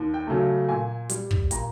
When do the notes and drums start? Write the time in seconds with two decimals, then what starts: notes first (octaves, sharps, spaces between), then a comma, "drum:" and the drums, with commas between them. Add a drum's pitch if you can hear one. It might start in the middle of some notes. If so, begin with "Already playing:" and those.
Already playing: D#2
0.14 G5
0.27 C#3 F#3 A3
0.69 A#2 G#5
1.09 G3, drum: hi-hat
1.31 drum: kick
1.51 A#2 A#5, drum: hi-hat